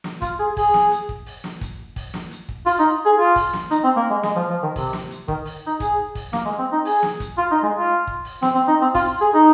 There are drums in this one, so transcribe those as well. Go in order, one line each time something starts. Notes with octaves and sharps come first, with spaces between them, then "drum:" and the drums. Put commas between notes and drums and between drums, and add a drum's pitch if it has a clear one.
drum: snare
F4, drum: kick, hi-hat
G#4
G#4, drum: kick, open hi-hat
drum: snare
drum: hi-hat
drum: kick
drum: open hi-hat
drum: snare
drum: kick, hi-hat
drum: kick, open hi-hat
drum: snare
drum: hi-hat
drum: kick
F4, drum: open hi-hat
D#4
G#4
F4
drum: kick, open hi-hat
drum: snare
D#4, drum: hi-hat
C4
A#3
G#3
G#3, drum: snare
F3
F3
D#3
C3, drum: kick, open hi-hat
drum: snare
drum: hi-hat
D#3, drum: kick
drum: open hi-hat
D#4
G#4, drum: kick, hi-hat
drum: kick, open hi-hat
A#3, drum: snare
G#3
C4
D#4
G#4, drum: open hi-hat
drum: snare
drum: kick, hi-hat
F4
D#4
G#3
F4
drum: kick
drum: open hi-hat
C4, drum: snare
C4
D#4
C4
F4, drum: kick, open hi-hat
G#4
D#4